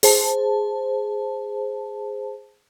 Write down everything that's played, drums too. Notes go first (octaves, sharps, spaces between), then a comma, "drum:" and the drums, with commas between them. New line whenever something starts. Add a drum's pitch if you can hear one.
G#4 C5 A5, drum: open hi-hat